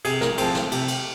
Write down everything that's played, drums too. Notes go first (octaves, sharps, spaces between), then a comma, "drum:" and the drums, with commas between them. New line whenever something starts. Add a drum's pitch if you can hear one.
C3 G#4, drum: cymbal
A#4, drum: snare
F3 C4 G#4, drum: cymbal
drum: snare
C3, drum: cymbal
drum: cymbal